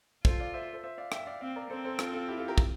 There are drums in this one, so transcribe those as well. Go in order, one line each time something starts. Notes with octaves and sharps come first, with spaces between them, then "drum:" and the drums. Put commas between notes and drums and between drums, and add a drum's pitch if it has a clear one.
F4 A4 C5, drum: kick
D5 F5
C5 E5
A4 C5
C5 E5
D5 F5
E5 G5, drum: rim click
D5 F5
C4 D5 F5
A#4 D5
C4 A4 C5
A4 C5
F4 A4, drum: rim click
F4 A4
E4 G4
F4 A4
G4 A#4
drum: kick